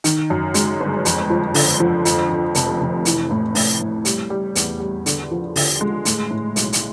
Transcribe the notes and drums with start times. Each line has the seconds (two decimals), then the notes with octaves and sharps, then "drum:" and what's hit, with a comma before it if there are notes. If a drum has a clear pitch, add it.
0.04 D#3, drum: hi-hat
0.30 F#2
0.54 G#3, drum: hi-hat
0.81 G1
1.05 F2, drum: hi-hat
1.30 F3
1.54 D3, drum: open hi-hat
1.80 F3
2.05 F2, drum: hi-hat
2.30 F2
2.55 F1, drum: hi-hat
2.80 F1
3.05 E3, drum: hi-hat
3.31 A2
3.55 A2, drum: open hi-hat
3.81 A2
4.05 G3, drum: hi-hat
4.30 G3
4.55 E2, drum: hi-hat
4.80 G3
5.06 D3, drum: hi-hat
5.31 F3
5.56 D3, drum: open hi-hat
5.81 G#3
6.05 A2, drum: hi-hat
6.31 A2
6.56 B1, drum: hi-hat
6.73 drum: hi-hat